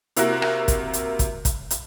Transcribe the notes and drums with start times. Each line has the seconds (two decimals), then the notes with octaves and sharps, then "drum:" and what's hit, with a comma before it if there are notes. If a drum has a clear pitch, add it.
0.16 C3 A#3 E4 F#4 A#4 F#6, drum: hi-hat
0.42 drum: rim click
0.68 drum: kick, hi-hat
0.93 drum: hi-hat
1.19 drum: kick, hi-hat
1.45 drum: kick, hi-hat
1.71 drum: hi-hat